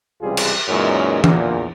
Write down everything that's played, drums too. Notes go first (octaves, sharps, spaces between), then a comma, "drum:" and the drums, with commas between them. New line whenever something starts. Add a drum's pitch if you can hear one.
C#2 C3 E3 G3 F4 G#4
drum: cymbal
F#2 A#2 E3 G#3 C#4 D#4
A#1 E2 A#2, drum: tom E3